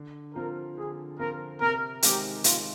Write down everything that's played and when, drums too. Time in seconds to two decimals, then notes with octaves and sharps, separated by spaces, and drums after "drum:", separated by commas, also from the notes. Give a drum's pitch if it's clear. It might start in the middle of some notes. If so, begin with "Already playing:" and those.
Already playing: D3
0.35 F3 C4 F4 A#4
0.77 D3 G#4
1.19 F3 C4 F4 A#4
1.61 C3 A#4
2.03 D#3 G#3 C4 D#4 G4, drum: hi-hat
2.44 C3 F4, drum: hi-hat